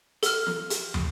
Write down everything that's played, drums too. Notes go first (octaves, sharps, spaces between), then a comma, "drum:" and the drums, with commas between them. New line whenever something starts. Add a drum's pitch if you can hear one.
A4 F6, drum: hi-hat
drum: snare
drum: hi-hat
drum: tom